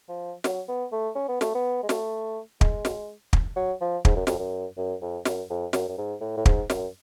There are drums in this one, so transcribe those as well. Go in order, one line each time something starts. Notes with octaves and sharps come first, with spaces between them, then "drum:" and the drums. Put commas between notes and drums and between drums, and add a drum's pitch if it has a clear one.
F3
F#3, drum: snare
B3
A3
C#4
B3
A3, drum: snare
B3
G#3
A3, drum: snare
G#3, drum: kick
drum: snare
drum: kick
F#3
F3
G#2, drum: kick
F#2
F2, drum: snare
F#2
F#2
F2
F#2, drum: snare
F2
F#2, drum: snare
F#2
G#2
A2
A2
G#2, drum: kick
F#2, drum: snare